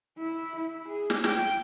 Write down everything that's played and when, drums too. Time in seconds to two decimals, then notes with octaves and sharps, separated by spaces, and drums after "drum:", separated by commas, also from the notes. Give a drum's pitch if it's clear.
0.18 E4
0.55 E4
0.88 G#4
1.10 drum: snare
1.24 G5, drum: snare